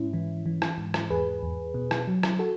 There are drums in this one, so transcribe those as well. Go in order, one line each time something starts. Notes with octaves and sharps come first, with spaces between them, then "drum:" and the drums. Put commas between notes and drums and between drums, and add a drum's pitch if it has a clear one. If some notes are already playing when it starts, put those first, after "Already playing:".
Already playing: G#2 C#4 E4
E3
E3
drum: rim click
G#2
drum: rim click
E2 G#4 B4
E2
B2
drum: rim click
F#3
drum: rim click
F#4 A4